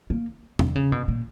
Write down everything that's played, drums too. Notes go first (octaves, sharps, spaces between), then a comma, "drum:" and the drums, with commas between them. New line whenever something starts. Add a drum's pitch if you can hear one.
A#3
D3, drum: tom E2
C#3
B2
A#2